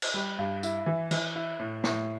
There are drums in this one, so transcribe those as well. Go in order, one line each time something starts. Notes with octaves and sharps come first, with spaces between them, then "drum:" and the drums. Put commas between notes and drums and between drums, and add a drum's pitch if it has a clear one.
drum: cymbal
G3
G2
E4, drum: tambourine
E3
E3, drum: cymbal
E4
A2
A2, drum: snare